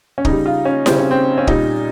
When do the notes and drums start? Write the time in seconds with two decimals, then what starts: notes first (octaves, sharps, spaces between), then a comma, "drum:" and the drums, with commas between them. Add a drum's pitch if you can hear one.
0.18 C#4
0.25 C#3 G3 D#4, drum: kick
0.46 F4
0.65 C#4
0.86 C#3 G3 C4, drum: snare E4
0.98 C#4
1.11 C4
1.38 C#4
1.47 A#2 G3 D#4, drum: kick